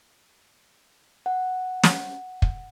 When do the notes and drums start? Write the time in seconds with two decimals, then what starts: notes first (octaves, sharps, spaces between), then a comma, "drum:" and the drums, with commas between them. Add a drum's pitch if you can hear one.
1.26 F#5
1.84 drum: snare
2.42 drum: kick